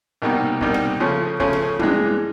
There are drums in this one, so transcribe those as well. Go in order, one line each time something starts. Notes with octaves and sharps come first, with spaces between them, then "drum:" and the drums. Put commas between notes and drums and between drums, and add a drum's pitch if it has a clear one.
C2 B2 G3 A#3 D#4
C2 B2 G3 A#3 D#4, drum: kick
drum: snare
C#3 F3 A3 C#4
C#3 F3 A3 C#4, drum: kick
drum: snare
G2 E3 G#3, drum: tom